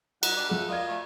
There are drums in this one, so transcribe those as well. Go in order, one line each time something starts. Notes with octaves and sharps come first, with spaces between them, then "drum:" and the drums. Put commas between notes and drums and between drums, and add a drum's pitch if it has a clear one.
F#3 D#4 F#5, drum: cymbal
G3 D4 D5
F3 A3 G#4 F#5
F4 A#4 D5 D#5 G#6
A3